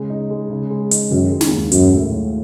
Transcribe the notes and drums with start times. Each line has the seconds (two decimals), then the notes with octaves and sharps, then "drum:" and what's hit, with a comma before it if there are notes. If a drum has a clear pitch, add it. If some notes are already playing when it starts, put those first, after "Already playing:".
Already playing: C#3 G#3
0.10 D#4
0.30 G#3
0.50 C#3
0.70 G#3
0.91 D#4, drum: hi-hat
1.11 F#2 D#3
1.31 G#3
1.41 drum: snare
1.52 D#2
1.72 F#2 G#3, drum: hi-hat
1.92 A2
2.12 A2